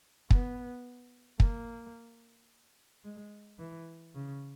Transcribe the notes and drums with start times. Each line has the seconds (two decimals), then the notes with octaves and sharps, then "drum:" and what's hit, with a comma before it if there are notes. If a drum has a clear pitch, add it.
0.31 B3, drum: kick
1.40 A#3, drum: kick
3.04 G#3
3.59 E3
4.14 C#3